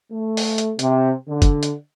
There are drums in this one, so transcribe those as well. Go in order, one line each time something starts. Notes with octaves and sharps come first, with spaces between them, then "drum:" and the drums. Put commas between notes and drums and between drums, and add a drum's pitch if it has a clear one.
A3
drum: open hi-hat
drum: hi-hat
C3, drum: hi-hat
D3
drum: kick F#1, hi-hat
drum: hi-hat